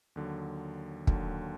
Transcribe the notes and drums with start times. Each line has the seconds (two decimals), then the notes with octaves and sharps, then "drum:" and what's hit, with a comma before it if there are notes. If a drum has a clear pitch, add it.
0.16 D#2 D3 F#3
1.07 D#2 D3 F#3, drum: kick